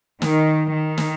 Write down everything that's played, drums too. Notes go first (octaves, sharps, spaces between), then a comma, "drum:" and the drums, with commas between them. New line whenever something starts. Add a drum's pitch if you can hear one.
D#3, drum: snare
D#3
drum: snare